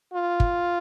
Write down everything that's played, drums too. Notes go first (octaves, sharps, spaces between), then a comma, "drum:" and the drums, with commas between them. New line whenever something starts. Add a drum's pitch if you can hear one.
F4
drum: kick